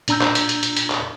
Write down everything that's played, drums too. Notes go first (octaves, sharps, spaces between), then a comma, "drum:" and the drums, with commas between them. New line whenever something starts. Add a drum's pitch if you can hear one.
A#2 D4 A#5 E6 G6, drum: hi-hat
drum: clap
drum: hi-hat
drum: hi-hat
drum: hi-hat
drum: hi-hat
drum: clap